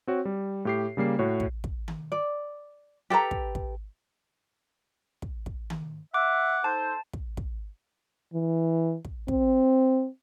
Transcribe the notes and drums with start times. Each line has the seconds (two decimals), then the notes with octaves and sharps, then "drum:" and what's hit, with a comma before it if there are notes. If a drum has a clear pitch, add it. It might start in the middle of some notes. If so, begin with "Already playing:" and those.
0.07 C4 F#4 C#5
0.25 G3
0.65 A2 G4 C7
0.97 C#3 G3 A#3 C7
1.19 A2 F#4 C#5
1.40 drum: kick
1.64 drum: kick
1.88 drum: tom D#3
2.12 D5
3.10 G4 A4 B4 A#5
3.31 drum: kick
3.55 drum: kick
5.22 drum: kick
5.46 drum: kick
5.70 drum: tom D#3
6.14 E5 F#5 D6
6.64 D#4 A4 C5 A5
7.13 drum: kick
7.37 drum: kick
8.33 E3
9.05 drum: kick
9.28 C4, drum: kick